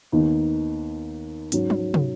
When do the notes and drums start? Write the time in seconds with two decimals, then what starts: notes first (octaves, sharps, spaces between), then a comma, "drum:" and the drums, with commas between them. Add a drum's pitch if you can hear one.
0.12 D#2 D#3 B3 D#4
1.52 G#2 F#3 C#4, drum: hi-hat
1.70 drum: tom
1.94 drum: tom